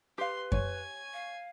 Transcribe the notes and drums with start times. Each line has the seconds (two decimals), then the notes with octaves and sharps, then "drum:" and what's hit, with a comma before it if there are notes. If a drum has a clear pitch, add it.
0.18 G4 B4 F5 C6
0.52 C#5 G#5, drum: kick F#2
1.13 F5